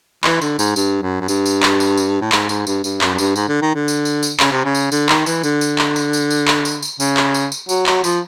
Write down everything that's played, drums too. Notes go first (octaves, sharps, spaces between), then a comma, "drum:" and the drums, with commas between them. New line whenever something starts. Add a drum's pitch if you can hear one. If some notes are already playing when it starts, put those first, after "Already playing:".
E3, drum: clap
D3, drum: tambourine
G#2, drum: tambourine
G2, drum: tambourine
F#2
F#2
G2, drum: tambourine
drum: tambourine
drum: clap
drum: tambourine
drum: tambourine
A2
G#2, drum: clap
G#2, drum: tambourine
G2, drum: tambourine
G2, drum: tambourine
F#2, drum: clap
F#2
G2, drum: tambourine
G#2, drum: tambourine
D3
D#3
D3
drum: tambourine
drum: tambourine
drum: tambourine
C#3, drum: clap
C3
C#3
drum: tambourine
D3, drum: tambourine
D#3, drum: clap
E3, drum: tambourine
D3, drum: tambourine
drum: tambourine
drum: clap
drum: tambourine
drum: tambourine
drum: tambourine
drum: clap
drum: tambourine
drum: tambourine
C#3, drum: tambourine
drum: clap
drum: tambourine
drum: tambourine
F#3, drum: tambourine
F#3, drum: clap
F3, drum: tambourine